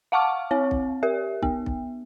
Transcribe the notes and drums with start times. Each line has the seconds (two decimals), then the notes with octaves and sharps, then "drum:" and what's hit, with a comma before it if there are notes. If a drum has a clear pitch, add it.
0.12 F5 F#5 A5 C#6 D6 F6
0.51 C4 C#5
0.71 drum: kick B1
1.03 G4 A#4 E5
1.43 B3, drum: kick B1
1.66 drum: kick B1